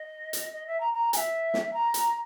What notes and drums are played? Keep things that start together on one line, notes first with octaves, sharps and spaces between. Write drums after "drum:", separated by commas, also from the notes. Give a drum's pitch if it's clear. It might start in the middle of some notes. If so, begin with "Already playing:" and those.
Already playing: D#5
drum: hi-hat
D#5
E5
A#5
A#5
G#5, drum: hi-hat
E5
drum: snare
A#5
drum: hi-hat